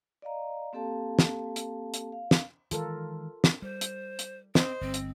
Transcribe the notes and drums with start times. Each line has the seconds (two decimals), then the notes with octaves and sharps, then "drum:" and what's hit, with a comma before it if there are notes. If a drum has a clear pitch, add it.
0.22 D5 D#5 F5 A#5
0.73 A#3 C4 G4 A4 F5 A5
1.19 drum: snare
1.56 drum: hi-hat
1.94 drum: hi-hat
2.12 F5
2.31 drum: snare
2.71 D#3 E3 G#3 F4 A4 A#4, drum: hi-hat
3.44 drum: snare
3.62 G3 C5
3.81 drum: hi-hat
4.19 drum: hi-hat
4.55 C4 C5 D#5, drum: snare
4.81 G1 C4
4.94 drum: hi-hat